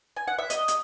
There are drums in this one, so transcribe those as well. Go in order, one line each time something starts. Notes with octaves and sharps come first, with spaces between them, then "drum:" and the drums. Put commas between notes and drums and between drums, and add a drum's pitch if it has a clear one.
G#5
F#5
E5
D#5, drum: hi-hat
drum: hi-hat